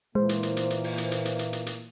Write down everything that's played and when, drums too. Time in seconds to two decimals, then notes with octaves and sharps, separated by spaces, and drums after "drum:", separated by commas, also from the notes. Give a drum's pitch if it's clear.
0.15 A#2 E3 G#3 A#3 C5
0.29 drum: hi-hat
0.43 drum: hi-hat
0.57 drum: hi-hat
0.70 drum: hi-hat
0.84 drum: open hi-hat
0.98 drum: hi-hat
1.12 drum: hi-hat
1.25 drum: hi-hat
1.39 drum: hi-hat
1.53 drum: hi-hat
1.66 drum: hi-hat